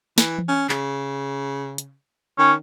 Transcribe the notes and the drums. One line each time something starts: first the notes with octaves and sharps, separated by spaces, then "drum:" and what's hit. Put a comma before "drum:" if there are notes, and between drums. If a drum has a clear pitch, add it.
E3, drum: snare
drum: tom E3
C#4
C#3, drum: clap
drum: hi-hat
D#3 C#4